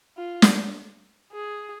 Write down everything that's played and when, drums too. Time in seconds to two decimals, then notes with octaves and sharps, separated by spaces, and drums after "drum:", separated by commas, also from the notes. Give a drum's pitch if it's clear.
0.17 F4
0.42 drum: snare
1.32 G#4